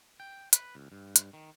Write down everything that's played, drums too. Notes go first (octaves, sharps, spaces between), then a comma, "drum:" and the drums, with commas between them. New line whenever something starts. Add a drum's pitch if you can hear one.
G5
B4, drum: hi-hat
C#2
G2
drum: hi-hat
D#3